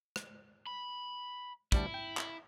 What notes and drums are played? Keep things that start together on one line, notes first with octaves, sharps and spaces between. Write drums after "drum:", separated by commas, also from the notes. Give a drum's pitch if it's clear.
drum: rim click
B5
D2 G3 E4 A5, drum: kick
G5
drum: clap